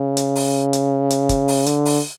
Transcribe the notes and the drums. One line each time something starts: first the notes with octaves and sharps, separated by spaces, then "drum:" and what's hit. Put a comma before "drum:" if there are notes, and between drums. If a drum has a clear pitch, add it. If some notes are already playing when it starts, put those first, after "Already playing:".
Already playing: C#3
drum: hi-hat
drum: open hi-hat
drum: hi-hat
drum: hi-hat
drum: kick, hi-hat
drum: open hi-hat
D3, drum: hi-hat
drum: open hi-hat